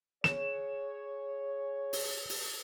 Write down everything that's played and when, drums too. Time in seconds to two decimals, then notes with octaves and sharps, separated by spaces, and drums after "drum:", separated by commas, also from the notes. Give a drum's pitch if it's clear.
0.24 G#4 C#5 E7, drum: snare
1.93 drum: open hi-hat
2.29 drum: open hi-hat